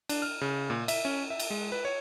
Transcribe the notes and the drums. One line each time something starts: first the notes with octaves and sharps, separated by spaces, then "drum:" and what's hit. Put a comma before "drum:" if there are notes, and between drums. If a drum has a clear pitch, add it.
D4, drum: cymbal
F6
C#3
A#2
E5, drum: cymbal
C#4
E5
drum: cymbal
G#3
B4
C#5